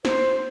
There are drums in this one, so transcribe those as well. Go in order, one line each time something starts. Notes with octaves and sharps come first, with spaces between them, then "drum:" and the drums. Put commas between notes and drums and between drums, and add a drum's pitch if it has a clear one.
C5, drum: snare